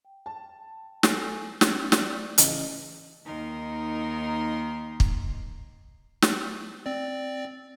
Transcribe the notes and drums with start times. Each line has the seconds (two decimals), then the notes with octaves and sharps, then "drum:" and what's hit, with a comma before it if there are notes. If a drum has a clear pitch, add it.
0.05 G5
0.26 A5
1.03 A4 G#5 A#6 C7 D7, drum: snare
1.61 C#4 D#4 G#6, drum: snare
1.92 D5, drum: snare
2.38 C#3 E3 D#5, drum: hi-hat
3.26 D#2 D#3 D#4 A#4 C6
5.00 drum: kick
6.22 drum: snare
6.86 C4 D5